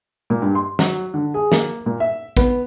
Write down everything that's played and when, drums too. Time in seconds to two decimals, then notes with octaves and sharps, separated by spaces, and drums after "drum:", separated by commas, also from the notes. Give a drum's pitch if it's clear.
0.30 A#2
0.42 G2
0.55 C6
0.79 F#3, drum: snare
1.14 D3
1.34 G#4
1.52 A#3, drum: snare
1.86 A#2
2.00 E5
2.37 B3, drum: kick